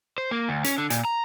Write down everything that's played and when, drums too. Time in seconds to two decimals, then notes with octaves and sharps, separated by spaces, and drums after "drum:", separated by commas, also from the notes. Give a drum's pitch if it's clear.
0.18 C5
0.31 A#3
0.49 D2
0.64 C#4, drum: hi-hat
0.78 D3
0.90 A#2, drum: hi-hat
1.05 A#5